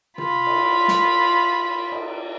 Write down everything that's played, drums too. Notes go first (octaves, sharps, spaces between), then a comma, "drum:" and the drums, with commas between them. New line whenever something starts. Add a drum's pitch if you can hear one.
F4 B5, drum: tom C3
drum: cymbal
drum: snare
drum: cymbal